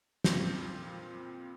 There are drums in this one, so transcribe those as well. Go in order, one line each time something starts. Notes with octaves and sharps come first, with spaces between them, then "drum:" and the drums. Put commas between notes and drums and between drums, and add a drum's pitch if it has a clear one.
F2 A#2 C4 F4 G6 A#6, drum: snare